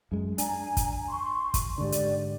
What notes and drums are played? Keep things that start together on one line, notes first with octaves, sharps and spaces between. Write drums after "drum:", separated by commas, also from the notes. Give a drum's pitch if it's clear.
F#2 G#3
D4 G#5 A#5, drum: hi-hat
drum: kick, hi-hat
C6 C#6
drum: kick, hi-hat
G#2 D3 G4 D5
drum: hi-hat